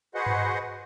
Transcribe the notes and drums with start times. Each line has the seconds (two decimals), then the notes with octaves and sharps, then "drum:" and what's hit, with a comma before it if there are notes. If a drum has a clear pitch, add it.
0.15 F#4 G#4 B4 C5 D#5 F#5
0.26 drum: tom G2